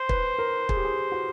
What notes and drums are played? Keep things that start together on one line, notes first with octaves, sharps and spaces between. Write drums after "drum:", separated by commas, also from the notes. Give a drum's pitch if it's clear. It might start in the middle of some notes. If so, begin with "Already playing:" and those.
Already playing: C5
B4, drum: kick
A#4
G#4, drum: kick
G4
G#4
F#4